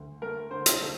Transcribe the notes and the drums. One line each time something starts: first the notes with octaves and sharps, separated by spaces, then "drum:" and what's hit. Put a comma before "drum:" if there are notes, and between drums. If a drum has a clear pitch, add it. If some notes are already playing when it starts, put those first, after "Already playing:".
Already playing: D2
A3 A#4
D3 C5
drum: hi-hat
A3